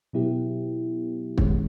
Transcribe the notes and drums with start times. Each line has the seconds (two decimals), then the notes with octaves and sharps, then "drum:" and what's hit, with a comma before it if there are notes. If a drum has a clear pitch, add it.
0.13 B2 F#3 B3 E4 G4
1.38 F#2 D#3 G#3 C#4, drum: kick